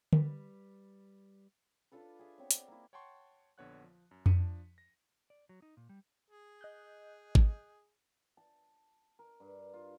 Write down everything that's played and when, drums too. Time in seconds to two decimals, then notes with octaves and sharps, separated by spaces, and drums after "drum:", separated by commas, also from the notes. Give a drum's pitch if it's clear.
0.13 G3 B4, drum: tom D3
1.92 D4 F4 A4 B4
2.19 G#4 E5
2.38 B3 C4 C#5
2.51 C5 D5, drum: hi-hat
2.68 A#3 E4
2.93 C#5 F#5 G5 A5 C6 C#6
3.58 A#1 D3 B3 C#5 F#5 F#6
3.84 F3
4.11 F#2
4.26 F3 D4 B6 C#7 D#7, drum: tom F2
4.78 A#6
5.30 D5
5.49 F#3
5.62 D#4
5.77 A#2
5.89 G3
6.31 G#4
6.61 D#5 F#6 G6
7.35 drum: kick G#1
8.37 A5
9.19 A#4
9.40 G2
9.74 F4